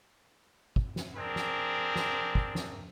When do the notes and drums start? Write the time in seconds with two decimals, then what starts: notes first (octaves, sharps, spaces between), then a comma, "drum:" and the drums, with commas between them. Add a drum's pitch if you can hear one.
0.76 drum: kick
0.96 drum: snare
1.16 C4 D4 G#4 A#4
1.36 drum: snare
1.96 drum: snare
2.35 drum: kick
2.55 drum: snare